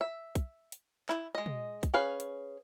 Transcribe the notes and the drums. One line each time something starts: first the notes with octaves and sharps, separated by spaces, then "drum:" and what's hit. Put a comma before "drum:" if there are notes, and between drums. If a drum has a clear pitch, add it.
E5
drum: kick, hi-hat
drum: hi-hat
E4, drum: clap
G#3 D#5
drum: tom
drum: kick, hi-hat
C#4 G#4 B4 F5
drum: hi-hat